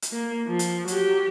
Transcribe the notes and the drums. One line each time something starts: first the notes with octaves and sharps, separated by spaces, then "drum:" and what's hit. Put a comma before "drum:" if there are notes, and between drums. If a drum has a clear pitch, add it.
drum: hi-hat
A#3
F3
drum: hi-hat
F#3 G4, drum: hi-hat